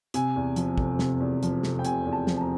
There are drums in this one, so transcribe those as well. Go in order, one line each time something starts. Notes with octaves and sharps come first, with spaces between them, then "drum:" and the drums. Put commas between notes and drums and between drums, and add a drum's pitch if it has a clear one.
C3 G#5, drum: hi-hat
E2
F3, drum: hi-hat
F1, drum: kick
C3, drum: snare
E2
F3, drum: hi-hat
F1, drum: snare
G5
C3 G#5, drum: hi-hat
E2
A5
F3, drum: snare
A5
A#5